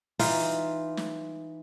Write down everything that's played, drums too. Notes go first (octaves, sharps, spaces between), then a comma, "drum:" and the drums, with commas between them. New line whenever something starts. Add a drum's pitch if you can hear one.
E3 D#4 F4, drum: open hi-hat
drum: snare